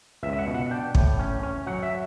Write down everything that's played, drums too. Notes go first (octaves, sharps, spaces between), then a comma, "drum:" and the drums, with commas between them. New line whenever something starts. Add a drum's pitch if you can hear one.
C#2 E5
E5
F#5
B2
F#5
D4 G5
A2, drum: kick
C#4
C#4
F#3 F#5
E5